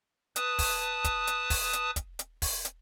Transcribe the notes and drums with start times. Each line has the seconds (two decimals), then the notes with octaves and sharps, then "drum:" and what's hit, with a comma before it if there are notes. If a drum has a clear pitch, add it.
0.36 B4 A5 D#6, drum: hi-hat
0.59 drum: kick, open hi-hat
1.04 drum: kick, hi-hat
1.27 drum: hi-hat
1.50 drum: kick, open hi-hat
1.73 drum: hi-hat
1.96 drum: kick, hi-hat
2.19 drum: hi-hat
2.42 drum: kick, open hi-hat
2.65 drum: hi-hat